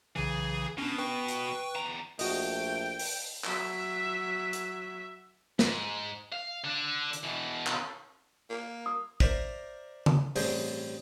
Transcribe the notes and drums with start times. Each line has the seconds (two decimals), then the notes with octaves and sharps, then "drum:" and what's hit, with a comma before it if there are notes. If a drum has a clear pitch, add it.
0.16 B1 C#3 E3 G#4
0.78 B2 C#4 D4
0.98 B4 G5 C#6
1.28 drum: hi-hat
1.76 E2 A#5
2.19 A#1 A3 F#4 D#5 G5, drum: open hi-hat
2.99 drum: open hi-hat
3.44 F#3 E5, drum: clap
4.53 drum: hi-hat
5.59 G#2, drum: snare
6.32 F5
6.64 D3 D4
7.13 drum: hi-hat
7.23 B2 E3
7.67 drum: clap
8.50 A#3
8.86 D#6
9.20 A#4 C5 D5 E5 A#5, drum: kick
10.06 drum: tom C#3
10.36 A1 G2 D3 C4 G#4 G5, drum: open hi-hat